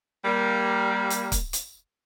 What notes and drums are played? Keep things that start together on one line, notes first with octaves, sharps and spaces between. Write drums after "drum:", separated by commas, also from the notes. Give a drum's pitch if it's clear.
G3 A#3
drum: hi-hat
drum: kick, hi-hat
drum: hi-hat